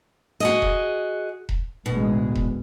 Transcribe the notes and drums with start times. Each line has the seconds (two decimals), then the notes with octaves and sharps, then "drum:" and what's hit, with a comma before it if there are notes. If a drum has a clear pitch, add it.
0.40 F#4 G#4 D#5
0.62 drum: kick E1
1.49 drum: kick E1
1.86 A1 D2 B2 G#3
2.36 drum: kick E1